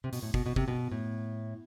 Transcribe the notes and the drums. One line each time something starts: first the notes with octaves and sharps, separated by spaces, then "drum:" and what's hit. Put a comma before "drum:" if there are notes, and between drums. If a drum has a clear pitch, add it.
C3
B2, drum: open hi-hat
A2
B2, drum: kick
B2
C3, drum: kick
B2
A2